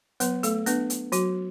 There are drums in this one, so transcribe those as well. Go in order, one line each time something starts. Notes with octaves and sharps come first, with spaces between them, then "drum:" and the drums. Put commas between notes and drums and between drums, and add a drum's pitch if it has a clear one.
F#3 B3 B4, drum: hi-hat
A3 A4, drum: hi-hat
B3 D4 B4, drum: hi-hat
drum: hi-hat
F#3 F#4, drum: hi-hat